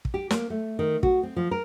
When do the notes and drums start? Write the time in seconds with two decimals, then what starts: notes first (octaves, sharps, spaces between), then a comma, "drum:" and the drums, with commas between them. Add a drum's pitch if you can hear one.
0.05 drum: kick
0.14 G4
0.31 A#3, drum: snare
0.50 A3
0.79 D#3
1.03 F#4, drum: kick
1.23 C4
1.36 F3
1.51 A#4